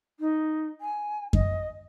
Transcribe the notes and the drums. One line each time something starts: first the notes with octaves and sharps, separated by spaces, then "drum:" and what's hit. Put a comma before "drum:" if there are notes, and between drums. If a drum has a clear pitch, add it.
D#4
G#5
D#5, drum: kick F#2